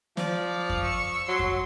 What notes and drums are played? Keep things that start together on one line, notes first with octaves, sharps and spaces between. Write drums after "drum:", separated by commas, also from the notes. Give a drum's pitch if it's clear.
F3 D5, drum: snare
drum: kick F2
C#6 E6
F#3 C6
drum: kick F2